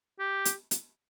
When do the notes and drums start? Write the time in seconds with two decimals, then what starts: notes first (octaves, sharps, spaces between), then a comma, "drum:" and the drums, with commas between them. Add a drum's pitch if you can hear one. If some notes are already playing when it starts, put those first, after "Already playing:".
0.19 G4
0.45 drum: hi-hat
0.71 drum: hi-hat